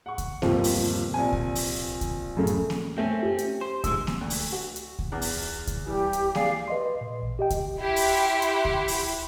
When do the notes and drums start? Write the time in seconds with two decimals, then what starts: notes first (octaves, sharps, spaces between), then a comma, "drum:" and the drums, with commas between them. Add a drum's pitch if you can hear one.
0.06 F#5 C#6
0.18 drum: kick C#2, hi-hat
0.42 G1 D#2 C3 F3, drum: snare A#3
0.64 drum: open hi-hat
1.14 A#1 C3 G#5
1.32 drum: kick C#2
1.55 drum: open hi-hat
2.01 drum: kick C#2, hi-hat
2.37 F#2 A2 C#3 A3
2.47 drum: hi-hat
2.70 drum: snare A#3
2.98 A3 C4 C#4
3.23 G4
3.38 drum: hi-hat
3.61 C5
3.84 A2 G#3 E6, drum: kick C#2, hi-hat
4.07 drum: snare A#3
4.21 D2
4.30 drum: open hi-hat
4.52 F#4
4.76 drum: hi-hat
4.99 drum: kick C#2
5.12 E2
5.22 drum: open hi-hat
5.67 drum: kick C#2, hi-hat
5.86 E3 G3 G4
6.13 drum: hi-hat
6.35 G#3 G#4 D5 F5, drum: snare A#3
6.68 B4 D#5 C6
7.01 A#2
7.22 A1
7.39 G4 D#5 G5
7.50 drum: kick C#2, hi-hat
7.80 E4 G4 E5 F#5 C6
7.96 drum: open hi-hat
8.42 drum: hi-hat
8.65 drum: kick C#2
8.88 drum: open hi-hat